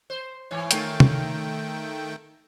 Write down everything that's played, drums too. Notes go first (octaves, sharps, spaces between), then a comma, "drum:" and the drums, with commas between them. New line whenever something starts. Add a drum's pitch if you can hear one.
C5
G#2 E3 C#5
D#3 A3 A#3 F4 G5, drum: hi-hat
drum: tom